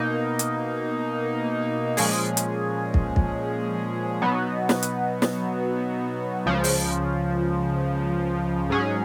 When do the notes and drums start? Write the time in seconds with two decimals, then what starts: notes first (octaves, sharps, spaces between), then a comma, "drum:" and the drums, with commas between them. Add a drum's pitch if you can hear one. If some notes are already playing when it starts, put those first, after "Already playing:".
Already playing: B2 A#3 D#4
0.39 drum: hi-hat
1.97 A#2 F3 G#3 C#4 G#4, drum: open hi-hat
2.37 drum: hi-hat
2.94 drum: kick
3.16 drum: kick
4.22 B2 F#3 B3 D#4 F#4
4.69 drum: snare
4.83 drum: hi-hat
5.22 drum: snare
6.46 C#2 C#3 F3
6.64 drum: open hi-hat
8.70 G#2 F#3 C#4 G#4